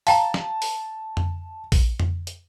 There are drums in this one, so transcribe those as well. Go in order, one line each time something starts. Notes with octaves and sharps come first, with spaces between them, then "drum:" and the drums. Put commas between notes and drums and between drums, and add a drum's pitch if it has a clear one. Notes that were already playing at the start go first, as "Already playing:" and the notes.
F5 G5 A5 A#5, drum: open hi-hat
drum: snare
drum: open hi-hat
drum: tom F2
drum: kick A#1, open hi-hat
drum: tom F2
drum: hi-hat